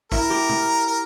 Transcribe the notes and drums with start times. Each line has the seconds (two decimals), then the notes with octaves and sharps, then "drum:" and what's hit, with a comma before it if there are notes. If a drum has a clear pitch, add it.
0.12 E4 A#4, drum: kick
0.30 G4
0.49 drum: tom
0.87 A#4